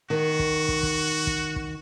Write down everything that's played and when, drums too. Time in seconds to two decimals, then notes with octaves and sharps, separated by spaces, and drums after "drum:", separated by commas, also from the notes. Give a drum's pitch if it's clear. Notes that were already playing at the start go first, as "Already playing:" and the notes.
0.10 D#3 F#4
0.39 drum: kick
0.68 drum: kick
0.83 drum: kick
1.27 drum: kick
1.56 drum: kick